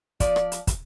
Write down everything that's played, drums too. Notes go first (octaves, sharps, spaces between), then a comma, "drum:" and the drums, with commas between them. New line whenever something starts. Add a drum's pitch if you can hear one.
F3 D5, drum: kick, hi-hat
drum: rim click
drum: hi-hat
drum: kick, hi-hat